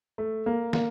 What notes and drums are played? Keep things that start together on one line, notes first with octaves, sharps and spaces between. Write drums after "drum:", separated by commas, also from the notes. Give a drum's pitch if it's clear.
A3
A#3
A#3, drum: snare